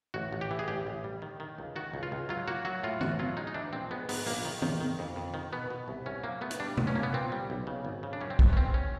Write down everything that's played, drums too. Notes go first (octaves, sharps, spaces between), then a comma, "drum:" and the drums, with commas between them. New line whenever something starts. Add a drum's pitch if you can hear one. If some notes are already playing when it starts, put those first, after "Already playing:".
A1 F#4
A1
G4
E3
G#4
A1 G4
A1
G3
D#3
D#3
C#2
D#3 F#4
C#2
F4
C#2
F#3 F4
A#3 F#4
F#3 F#4
A2 F4
A1 F#4, drum: tom
F#3 F4
G#3 D#4
D#4
E3 D4
A#1 C4
G#3 B3
G#2 B3, drum: open hi-hat
A#1 A#3, drum: open hi-hat
D#3
D#3, drum: tom
D#3
F2
F2
D#3
B2 B3
B2
C2
C2 C#4
F#3 A#3
A3 B3
drum: hi-hat
G3 D4
B1, drum: tom C3
C#4
A#3
B3
A#2 C4
G3
B1
C#3
G#1
C#3
D4
F#2 C#4
C4
F#2 B3, drum: kick
C#4
G#1 C4
C#4